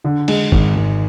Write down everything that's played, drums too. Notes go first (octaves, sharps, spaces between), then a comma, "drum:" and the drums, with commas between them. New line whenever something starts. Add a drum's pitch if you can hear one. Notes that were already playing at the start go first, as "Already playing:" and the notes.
D3
G#3, drum: cymbal
G#1, drum: kick
G#1